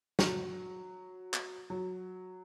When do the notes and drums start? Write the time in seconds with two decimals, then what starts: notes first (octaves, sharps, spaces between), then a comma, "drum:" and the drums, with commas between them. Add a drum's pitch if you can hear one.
0.19 F#3, drum: snare
1.34 drum: clap
1.70 F#3